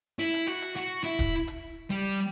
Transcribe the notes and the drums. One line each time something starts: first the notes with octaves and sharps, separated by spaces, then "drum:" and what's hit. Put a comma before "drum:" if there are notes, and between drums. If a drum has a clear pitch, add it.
E4
drum: hi-hat
F#4
drum: hi-hat
F#4
E4
drum: kick D1, hi-hat
drum: hi-hat
G3